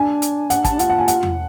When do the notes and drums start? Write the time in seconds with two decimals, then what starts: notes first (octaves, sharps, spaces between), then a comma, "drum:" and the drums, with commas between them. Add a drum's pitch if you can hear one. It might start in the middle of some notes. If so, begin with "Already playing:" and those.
Already playing: D4 G#5
0.22 drum: hi-hat
0.50 F#5, drum: hi-hat
0.64 A5, drum: kick, hi-hat
0.71 D4
0.79 F4 F#5, drum: hi-hat
0.90 F#5
0.99 G#5
1.08 F#5, drum: hi-hat
1.23 drum: tom E2